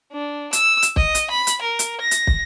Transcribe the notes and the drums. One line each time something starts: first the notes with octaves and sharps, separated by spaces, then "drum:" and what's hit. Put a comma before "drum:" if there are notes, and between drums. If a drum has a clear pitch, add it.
D4
E6, drum: hi-hat
drum: hi-hat
D#5, drum: kick
drum: hi-hat
B5
drum: hi-hat
A#4
drum: hi-hat
A#6
drum: hi-hat
drum: kick